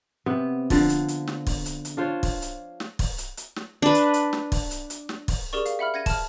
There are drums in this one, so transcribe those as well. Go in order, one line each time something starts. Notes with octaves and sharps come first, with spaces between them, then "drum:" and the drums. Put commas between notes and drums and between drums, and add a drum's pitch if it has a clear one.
C3 B3
D3 F3, drum: kick, open hi-hat
drum: hi-hat
drum: hi-hat
drum: snare
drum: kick, open hi-hat
drum: hi-hat
drum: hi-hat
D4 F4 C5 C#5
drum: kick, open hi-hat
drum: hi-hat
drum: snare
drum: kick, open hi-hat
drum: hi-hat
drum: hi-hat
drum: snare
D4 B4
drum: hi-hat
drum: hi-hat
drum: snare
drum: kick, open hi-hat
drum: hi-hat
drum: hi-hat
drum: snare
drum: kick, open hi-hat
G4 G#4 A#4 D5 C#6
F5, drum: hi-hat
E5 F#5 B5 F6
F#5 G#6 A#6 D#7
A5 F6, drum: kick, open hi-hat